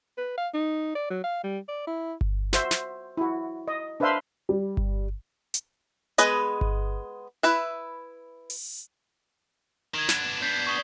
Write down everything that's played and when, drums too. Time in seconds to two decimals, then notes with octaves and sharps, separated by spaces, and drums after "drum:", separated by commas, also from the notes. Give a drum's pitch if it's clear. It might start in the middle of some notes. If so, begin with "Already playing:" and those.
0.17 B4
0.37 F5
0.54 D#4
0.95 D5
1.10 F#3
1.24 F5
1.43 G3
1.68 D5
1.87 E4
2.21 drum: kick G1
2.53 F#4 C5 E5, drum: snare
2.71 drum: snare
3.17 E4 F#4
3.68 D#5
4.00 D4 B4 C5 E5 F5 C6
4.49 G3
4.77 drum: kick G1
5.54 drum: hi-hat
6.18 G#3 B3 G#4 B4 D#5, drum: hi-hat
6.61 drum: kick G1
7.43 E4 B4 E5
8.50 drum: open hi-hat
9.94 D#3 G#6 E7
10.09 B3 D4, drum: snare
10.42 B3 D4 G6 B6 C7
10.67 C#6 D#6 G7